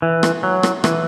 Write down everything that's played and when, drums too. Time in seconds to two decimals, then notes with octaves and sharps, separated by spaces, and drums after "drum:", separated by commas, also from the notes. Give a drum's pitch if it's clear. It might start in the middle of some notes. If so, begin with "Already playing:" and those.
0.02 E3
0.23 drum: rim click
0.43 F#3
0.63 drum: rim click
0.84 E3, drum: rim click